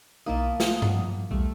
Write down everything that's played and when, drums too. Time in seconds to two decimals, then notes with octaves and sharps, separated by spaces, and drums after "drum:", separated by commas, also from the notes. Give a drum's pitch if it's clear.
0.26 B1 A#3 D#4 E4 A5 D#6
0.60 F4 F#5 D#6, drum: snare
0.82 drum: tom G2
1.31 B1 E2 G3 A3